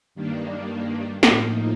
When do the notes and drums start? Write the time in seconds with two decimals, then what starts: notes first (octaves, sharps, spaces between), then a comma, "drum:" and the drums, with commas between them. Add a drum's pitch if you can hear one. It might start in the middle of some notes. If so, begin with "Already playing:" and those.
0.15 G2 D#3 G3 A#3 D4
1.23 A2 F3 A#3 D#4, drum: snare